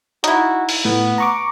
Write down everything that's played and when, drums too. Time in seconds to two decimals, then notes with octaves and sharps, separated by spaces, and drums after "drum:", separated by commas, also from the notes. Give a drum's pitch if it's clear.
0.24 D#4 E4 F#4, drum: hi-hat
0.69 drum: open hi-hat
0.85 A2 B3
1.18 A#5 C#6 D6